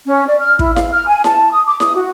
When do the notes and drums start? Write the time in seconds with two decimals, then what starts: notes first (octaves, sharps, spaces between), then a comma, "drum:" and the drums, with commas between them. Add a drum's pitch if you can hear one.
0.06 C#4
0.28 D5
0.40 F6
0.59 E4, drum: kick
0.76 F5, drum: snare E4
0.92 F6
1.07 G#5
1.24 A5, drum: snare E4
1.52 D#6
1.67 D6
1.80 D#6, drum: snare E4
1.95 F#4